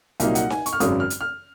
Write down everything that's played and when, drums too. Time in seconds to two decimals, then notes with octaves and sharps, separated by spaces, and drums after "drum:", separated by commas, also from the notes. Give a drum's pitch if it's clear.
0.20 C2 A#2 F#3 A#3 D#4 F5, drum: hi-hat
0.35 F#5, drum: hi-hat
0.50 G#5, drum: snare D#4
0.66 C#6, drum: hi-hat
0.73 F6
0.80 G#1 F#2 C#3 F#3 D#6, drum: hi-hat
1.00 F6
1.10 drum: hi-hat
1.21 F6